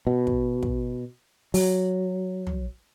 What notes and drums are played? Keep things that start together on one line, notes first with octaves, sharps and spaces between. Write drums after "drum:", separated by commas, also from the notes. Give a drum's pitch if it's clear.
B2
drum: kick
drum: kick
F#3, drum: open hi-hat
drum: tom